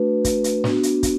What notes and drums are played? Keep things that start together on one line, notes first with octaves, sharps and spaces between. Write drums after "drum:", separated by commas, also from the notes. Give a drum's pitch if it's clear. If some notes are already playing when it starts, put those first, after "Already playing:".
Already playing: A3 D4 F#4 B4
drum: kick, hi-hat
drum: hi-hat
B3 D4 F#4, drum: snare
drum: hi-hat
drum: kick, hi-hat